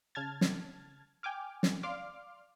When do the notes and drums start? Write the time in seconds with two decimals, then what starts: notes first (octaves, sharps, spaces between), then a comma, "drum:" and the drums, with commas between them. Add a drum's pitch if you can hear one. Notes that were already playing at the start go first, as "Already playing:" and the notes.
0.15 C#3 A5 F6 G#6 A6
0.41 drum: snare
1.23 G5 G#5 D6 F6
1.63 drum: snare
1.83 D5 F5 C6 D6 F6